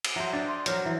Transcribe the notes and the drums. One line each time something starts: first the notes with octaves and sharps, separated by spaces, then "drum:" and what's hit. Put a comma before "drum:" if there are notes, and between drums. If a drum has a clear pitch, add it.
drum: cymbal
F#3 C5 E5
D4 G5
C6
F#3 A#4 C5 C#5, drum: hi-hat
E3